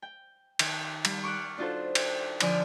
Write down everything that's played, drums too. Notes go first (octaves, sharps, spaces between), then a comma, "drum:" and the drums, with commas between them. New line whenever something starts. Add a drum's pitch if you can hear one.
G5
D#3, drum: cymbal
G3, drum: cymbal
C#6 D6 F6 F#6
D4 D#4 F4 F#4 A4 C5
drum: cymbal
D3 F3 C5 D5 G#5 F6, drum: cymbal